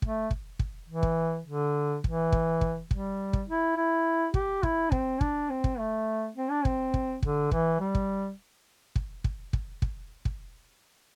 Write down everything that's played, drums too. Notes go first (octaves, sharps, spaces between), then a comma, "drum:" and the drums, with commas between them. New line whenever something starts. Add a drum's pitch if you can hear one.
A3, drum: kick
drum: kick
drum: kick
E3
drum: kick
D3
E3, drum: kick
drum: kick
drum: kick
G3, drum: kick
drum: kick
E4
E4
G4, drum: kick
E4, drum: kick
C4, drum: kick
D4, drum: kick
C4
drum: kick
A3
C4
D4
C4, drum: kick
drum: kick
D3, drum: kick
E3, drum: kick
G3
drum: kick
drum: kick
drum: kick
drum: kick
drum: kick
drum: kick